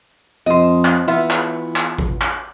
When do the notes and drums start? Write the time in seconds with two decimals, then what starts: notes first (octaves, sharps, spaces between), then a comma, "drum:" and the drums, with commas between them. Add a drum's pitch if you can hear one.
0.46 F2 C5 D#5
0.85 drum: clap
1.07 E3 B3 F4 E5
1.30 drum: clap
1.76 drum: clap
1.98 drum: kick A1
2.21 drum: clap